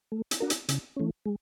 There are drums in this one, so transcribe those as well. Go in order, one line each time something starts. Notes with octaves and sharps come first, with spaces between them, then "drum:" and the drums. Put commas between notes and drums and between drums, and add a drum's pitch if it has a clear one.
A3
drum: hi-hat
D4 F#4 A#4
drum: hi-hat
C#3, drum: hi-hat
E3 A3 C#4
G#3